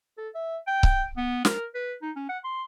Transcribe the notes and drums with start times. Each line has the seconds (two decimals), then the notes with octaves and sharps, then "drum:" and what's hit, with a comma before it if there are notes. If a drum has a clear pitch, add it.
0.18 A4
0.35 E5
0.67 G5
0.83 drum: kick C#1
1.17 B3
1.45 A#4, drum: snare
1.75 B4
2.02 D#4
2.16 C#4
2.29 F#5
2.44 C6